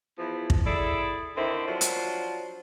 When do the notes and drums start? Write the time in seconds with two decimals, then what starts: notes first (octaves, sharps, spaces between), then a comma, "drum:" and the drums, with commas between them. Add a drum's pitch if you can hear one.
0.18 E2 F3 E4
0.50 drum: kick
0.66 E4 G#4 A4 D5 E5
1.36 D3 D#3 C4 E4
1.67 F3 F#3 D4 C5
1.81 drum: hi-hat